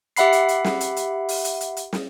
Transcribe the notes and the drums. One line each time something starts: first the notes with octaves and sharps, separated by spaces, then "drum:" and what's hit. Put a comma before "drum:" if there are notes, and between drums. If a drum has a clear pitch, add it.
G4 E5 F#5 B5 C7, drum: hi-hat
drum: hi-hat
drum: hi-hat
drum: snare
drum: hi-hat
drum: hi-hat
drum: open hi-hat
drum: hi-hat
drum: hi-hat
drum: hi-hat
drum: snare